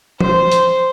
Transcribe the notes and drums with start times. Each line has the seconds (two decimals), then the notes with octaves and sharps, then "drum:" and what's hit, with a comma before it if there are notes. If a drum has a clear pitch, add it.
0.20 C5, drum: tom F3
0.52 drum: hi-hat